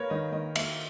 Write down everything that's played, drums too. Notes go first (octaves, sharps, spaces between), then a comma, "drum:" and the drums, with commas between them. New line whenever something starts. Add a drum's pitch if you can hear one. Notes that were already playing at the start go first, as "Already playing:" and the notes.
Already playing: A#3 A#4 B4 C#5
D#3 D#5
D#3 D#5
A#3 E5, drum: cymbal